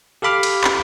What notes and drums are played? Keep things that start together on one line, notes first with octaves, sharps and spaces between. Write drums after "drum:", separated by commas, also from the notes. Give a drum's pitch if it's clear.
G4 A4 F5 B5 D6 F6
drum: cymbal
drum: clap